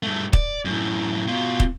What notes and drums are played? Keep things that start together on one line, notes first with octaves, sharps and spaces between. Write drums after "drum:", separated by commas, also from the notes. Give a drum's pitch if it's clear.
G2 A3
D5, drum: kick
F#2 A2
B2 F4
drum: kick